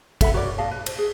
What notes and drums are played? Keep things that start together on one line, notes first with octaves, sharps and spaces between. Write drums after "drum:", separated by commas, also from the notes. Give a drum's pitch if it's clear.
A4 E5 F#5 B5, drum: kick, cymbal
F#4 A#4 C#5 D5
D5 D#5 F5 A5
B4
C5, drum: cymbal
G#4